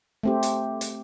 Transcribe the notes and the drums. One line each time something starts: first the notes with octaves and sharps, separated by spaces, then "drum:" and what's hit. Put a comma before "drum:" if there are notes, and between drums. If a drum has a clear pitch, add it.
A3 C4 G4
drum: hi-hat
drum: hi-hat